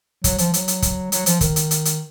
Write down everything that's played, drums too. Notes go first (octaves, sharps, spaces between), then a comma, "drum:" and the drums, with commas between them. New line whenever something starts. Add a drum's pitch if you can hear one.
F#3, drum: kick, hi-hat
F3, drum: hi-hat
F#3, drum: hi-hat
drum: hi-hat
drum: kick, hi-hat
F#3, drum: hi-hat
F3, drum: hi-hat
D#3, drum: kick, hi-hat
drum: hi-hat
drum: hi-hat
drum: hi-hat